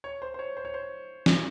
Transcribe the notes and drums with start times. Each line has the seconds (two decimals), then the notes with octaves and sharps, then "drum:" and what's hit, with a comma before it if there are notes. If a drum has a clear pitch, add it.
0.04 C#5
0.22 C5
0.34 C5
0.39 C#5
0.57 C5
0.65 C#5
0.74 C5
1.26 drum: snare